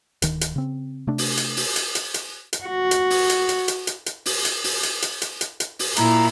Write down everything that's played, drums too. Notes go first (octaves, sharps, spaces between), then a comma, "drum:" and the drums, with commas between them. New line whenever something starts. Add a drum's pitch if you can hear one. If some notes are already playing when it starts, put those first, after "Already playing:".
D1 D#3, drum: hi-hat
drum: hi-hat
C#3 C4
C3 A3 D4
drum: open hi-hat
drum: hi-hat
drum: open hi-hat
drum: hi-hat
drum: hi-hat
drum: hi-hat
drum: hi-hat
F#4
drum: hi-hat
drum: open hi-hat
drum: hi-hat
drum: hi-hat
drum: hi-hat
drum: hi-hat
drum: hi-hat
drum: open hi-hat
drum: hi-hat
drum: open hi-hat
drum: hi-hat
drum: hi-hat
drum: hi-hat
drum: hi-hat
drum: hi-hat
drum: open hi-hat
A#2 E4 A#5, drum: hi-hat